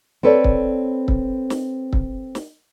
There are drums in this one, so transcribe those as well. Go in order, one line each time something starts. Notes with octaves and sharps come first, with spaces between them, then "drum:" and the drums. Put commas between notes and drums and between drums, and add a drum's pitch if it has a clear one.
C4 A4 B4 C#5 D5
drum: kick
drum: kick
drum: snare
drum: kick
drum: snare